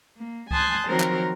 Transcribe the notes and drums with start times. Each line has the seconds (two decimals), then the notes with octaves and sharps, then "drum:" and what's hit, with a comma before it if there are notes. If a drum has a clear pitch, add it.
0.16 A#3
0.51 G#5 A5 C6 D#6 F#6 G6, drum: kick C#2
0.88 D#3 F3 F#3 C4 A#4
1.00 drum: clap